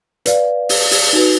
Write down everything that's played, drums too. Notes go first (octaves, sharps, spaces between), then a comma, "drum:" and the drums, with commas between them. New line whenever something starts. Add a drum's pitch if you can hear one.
B4 D5 F5, drum: hi-hat
drum: open hi-hat
drum: open hi-hat
D#4 F#4 B4